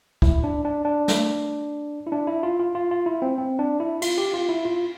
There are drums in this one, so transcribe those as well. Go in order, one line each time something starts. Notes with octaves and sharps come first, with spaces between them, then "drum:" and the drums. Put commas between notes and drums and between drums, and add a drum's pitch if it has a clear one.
E4, drum: kick
D4
D4
D4
drum: snare
E4
D4
E4
F4
F4
F4
F4
E4
C4
C4
D4
E4
F4, drum: cymbal
G4
F4
E4
F4